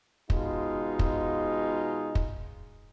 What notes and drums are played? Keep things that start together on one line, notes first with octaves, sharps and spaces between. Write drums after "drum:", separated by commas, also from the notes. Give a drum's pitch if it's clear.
B2 G#3 D#4 F4, drum: kick
drum: kick
drum: kick